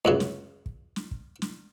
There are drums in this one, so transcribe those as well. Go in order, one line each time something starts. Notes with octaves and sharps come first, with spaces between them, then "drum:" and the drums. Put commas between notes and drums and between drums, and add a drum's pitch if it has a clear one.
C#2 F#2 C#3
drum: snare
drum: kick
drum: snare
drum: kick
drum: snare